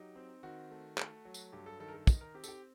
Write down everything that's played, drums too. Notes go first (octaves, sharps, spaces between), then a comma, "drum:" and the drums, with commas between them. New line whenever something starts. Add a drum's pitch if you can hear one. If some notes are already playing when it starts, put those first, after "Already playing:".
Already playing: F#3 D#4 G4
C4
D#3 F#4
A3
A3, drum: clap
F#3
drum: tambourine
G2 G4
A4
D#3 A4
A#4
A4
D#4, drum: kick, tambourine
A#4
C4 G4
A4, drum: tambourine
G4